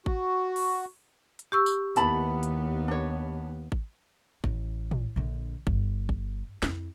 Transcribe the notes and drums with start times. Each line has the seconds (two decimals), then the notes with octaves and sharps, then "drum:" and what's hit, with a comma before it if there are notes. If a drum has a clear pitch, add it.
0.06 F#4, drum: kick G#1
0.56 drum: open hi-hat
1.39 drum: hi-hat
1.52 G4 C#6 E6
1.66 drum: tambourine
1.96 D#2 B3 E4 A5 B5, drum: hi-hat
2.43 drum: hi-hat
2.88 D4 C#5
3.72 drum: kick G#1
4.44 A1 E4, drum: kick G#1
4.91 drum: tom
5.16 A#1 D3
5.67 G1, drum: kick G#1
6.09 drum: kick G#1
6.63 F2 E4, drum: snare